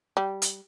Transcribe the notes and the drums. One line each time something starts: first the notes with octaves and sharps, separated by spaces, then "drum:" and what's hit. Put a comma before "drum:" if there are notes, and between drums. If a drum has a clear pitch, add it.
G3
drum: hi-hat